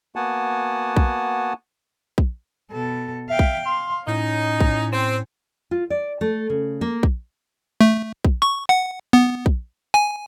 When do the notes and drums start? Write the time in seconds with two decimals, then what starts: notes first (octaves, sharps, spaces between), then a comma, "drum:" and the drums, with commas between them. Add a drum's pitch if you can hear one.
0.16 A#3 B3 F#4 F#5 G#5 A5
0.97 drum: kick
2.18 drum: kick
2.72 B2 A4
3.30 E5 F5 G5
3.39 drum: kick
3.66 F5 C6
4.07 A2 C#4 D#4
4.61 drum: kick
4.93 C4
5.71 F4
5.90 D5
6.21 A3
6.50 C#3
6.81 A#3
7.03 drum: kick
7.81 A3
8.25 drum: kick
8.42 C#6
8.69 F#5
9.13 B3
9.46 drum: kick
9.94 G#5